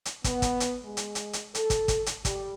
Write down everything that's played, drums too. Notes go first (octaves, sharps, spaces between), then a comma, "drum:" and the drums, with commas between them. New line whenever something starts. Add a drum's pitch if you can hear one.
drum: hi-hat
B3, drum: kick, hi-hat
drum: kick, hi-hat
drum: hi-hat
G#3
drum: hi-hat
drum: hi-hat
drum: hi-hat
A4, drum: hi-hat
drum: kick, hi-hat
drum: kick, hi-hat
drum: hi-hat
G3, drum: kick, hi-hat